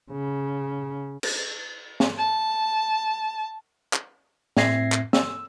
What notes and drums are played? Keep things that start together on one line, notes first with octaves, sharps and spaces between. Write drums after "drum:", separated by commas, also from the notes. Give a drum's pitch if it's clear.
C#3
drum: cymbal
drum: snare
A5
drum: clap
A2 C4 E5 G#6 A#6 C7, drum: snare
drum: clap
E6, drum: snare